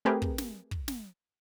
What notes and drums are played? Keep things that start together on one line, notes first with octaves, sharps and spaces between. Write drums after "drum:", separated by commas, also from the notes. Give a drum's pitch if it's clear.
A3 C4 G4 G#4 A#4 B4
drum: kick
drum: snare
drum: kick
drum: snare